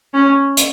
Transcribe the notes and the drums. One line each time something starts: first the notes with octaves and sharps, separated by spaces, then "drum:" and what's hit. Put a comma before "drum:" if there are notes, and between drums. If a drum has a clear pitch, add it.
C#4
drum: hi-hat